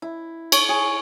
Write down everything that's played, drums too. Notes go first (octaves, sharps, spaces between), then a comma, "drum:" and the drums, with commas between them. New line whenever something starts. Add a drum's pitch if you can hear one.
E4
C#5, drum: cymbal
G#4